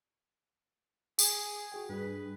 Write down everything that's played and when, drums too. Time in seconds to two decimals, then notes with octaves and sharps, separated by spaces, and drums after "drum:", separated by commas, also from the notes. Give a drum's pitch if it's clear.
1.19 G#4, drum: tambourine
1.72 F#4 G#4 G5
1.89 G2 G#4 B4